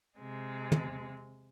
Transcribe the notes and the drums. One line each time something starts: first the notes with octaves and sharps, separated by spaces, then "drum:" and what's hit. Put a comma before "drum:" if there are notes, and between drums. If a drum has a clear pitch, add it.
C3 G#3
drum: tom